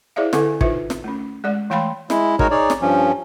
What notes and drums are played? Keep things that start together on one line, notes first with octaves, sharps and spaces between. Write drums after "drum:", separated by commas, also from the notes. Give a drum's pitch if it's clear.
E4 G#4 C5 D5 E5 F5
D3 E4 A4 F#5 G#5, drum: snare
D#4 F4 B4 C5 E5, drum: kick
drum: snare
A3 C#4
G#3 D5 F#5
E3 A3 F5 G5 B5 C6
G#3 E4, drum: snare
G#3 D#4 F#4 A#4 C#5, drum: kick
D#4 G#4 C#5 D5
drum: snare
G2 F3 C#4